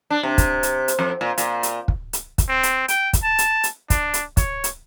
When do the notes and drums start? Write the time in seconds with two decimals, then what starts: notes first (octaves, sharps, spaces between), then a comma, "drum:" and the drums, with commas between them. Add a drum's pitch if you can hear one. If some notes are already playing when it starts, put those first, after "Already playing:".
0.10 D4
0.23 C3
0.38 drum: kick, hi-hat
0.63 drum: hi-hat
0.88 drum: hi-hat
0.99 F2
1.21 A#2
1.38 A#2, drum: hi-hat
1.63 drum: hi-hat
1.88 drum: kick
2.13 drum: hi-hat
2.38 drum: kick, hi-hat
2.49 C4
2.63 drum: hi-hat
2.88 G5, drum: hi-hat
3.13 drum: kick, hi-hat
3.23 A5
3.38 drum: hi-hat
3.64 drum: hi-hat
3.90 D4, drum: kick, hi-hat
4.14 drum: hi-hat
4.37 C#5, drum: kick, hi-hat
4.64 drum: hi-hat